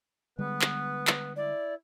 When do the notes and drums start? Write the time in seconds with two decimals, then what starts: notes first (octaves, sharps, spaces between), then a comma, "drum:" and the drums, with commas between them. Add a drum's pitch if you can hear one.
0.39 D3 G3 G#3 B3 B4
0.61 drum: clap
1.07 drum: clap
1.36 E4 D5